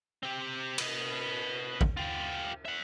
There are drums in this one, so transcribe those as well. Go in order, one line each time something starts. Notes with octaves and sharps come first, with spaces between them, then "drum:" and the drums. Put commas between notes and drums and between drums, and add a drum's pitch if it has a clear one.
C4 G4
B4 D#5, drum: cymbal
drum: kick
F4 G4
E5 F#5